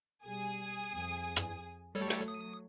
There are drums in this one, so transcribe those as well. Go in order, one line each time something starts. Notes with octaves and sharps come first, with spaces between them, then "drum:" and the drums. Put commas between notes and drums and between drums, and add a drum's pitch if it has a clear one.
B2 G3 G#4 G#5 D#6
F2
drum: rim click
F#3 G3 A3 A4 C#5
drum: hi-hat
D#6